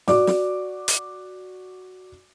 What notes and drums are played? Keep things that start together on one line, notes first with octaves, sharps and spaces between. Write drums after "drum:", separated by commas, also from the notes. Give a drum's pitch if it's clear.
F#4 D5 D6, drum: snare
drum: snare
drum: hi-hat